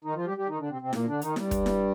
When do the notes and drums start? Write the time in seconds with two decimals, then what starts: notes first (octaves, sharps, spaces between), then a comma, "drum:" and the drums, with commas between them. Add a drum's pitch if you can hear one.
0.04 D#3 D#4
0.15 F3 F4
0.26 G3 G4
0.37 G3 G4
0.48 D#3 D#4
0.59 D3 D4
0.70 C3 C4
0.81 C3 C4
0.93 A#2 A#3, drum: snare E4
1.07 D3 D4
1.21 D#3 D#4, drum: hi-hat
1.36 G2 G3, drum: snare E4
1.51 drum: kick, hi-hat
1.66 drum: snare E4